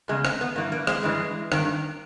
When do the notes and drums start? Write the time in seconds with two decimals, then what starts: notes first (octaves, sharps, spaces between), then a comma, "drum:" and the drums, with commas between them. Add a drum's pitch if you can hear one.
0.08 E2 C#3 G#3
0.25 G#3, drum: rim click
0.41 B3
0.56 G2 E3 A#3
0.72 A#3
0.87 G#3, drum: rim click
1.03 G2 E3 G#3
1.52 G2 D#3, drum: rim click